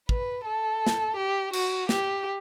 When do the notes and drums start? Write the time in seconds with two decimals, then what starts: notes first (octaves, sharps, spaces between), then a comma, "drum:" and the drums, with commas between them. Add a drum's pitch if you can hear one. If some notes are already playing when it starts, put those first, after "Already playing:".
0.09 B4, drum: kick
0.45 A4
0.87 drum: snare
1.16 G4
1.53 F#4, drum: cymbal
1.89 G4, drum: snare